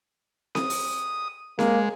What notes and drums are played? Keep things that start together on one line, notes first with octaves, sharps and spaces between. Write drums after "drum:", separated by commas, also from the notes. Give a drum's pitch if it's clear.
D#6, drum: snare C4
drum: open hi-hat
G#3 A#3, drum: snare C4